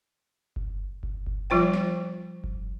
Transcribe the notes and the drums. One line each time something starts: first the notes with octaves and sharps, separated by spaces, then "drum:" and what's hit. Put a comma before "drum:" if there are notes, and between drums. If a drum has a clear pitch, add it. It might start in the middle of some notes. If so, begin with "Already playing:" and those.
drum: kick F#1
drum: kick F#1
drum: kick F#1
F3 G3 F4 C5 G5
drum: snare
drum: kick F#1